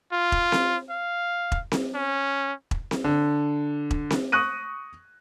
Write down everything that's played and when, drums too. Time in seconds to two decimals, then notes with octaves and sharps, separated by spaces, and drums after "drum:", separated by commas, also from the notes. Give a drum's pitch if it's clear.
0.12 F4
0.32 drum: kick E1
0.52 drum: snare C4
0.90 F5
1.52 drum: kick E1
1.72 drum: snare C4
1.95 C#4
2.71 drum: kick E1
2.91 drum: snare C4
3.04 D3
3.91 drum: kick E1
4.10 drum: snare C4
4.32 C#6 D#6 F#6 A#6 D#7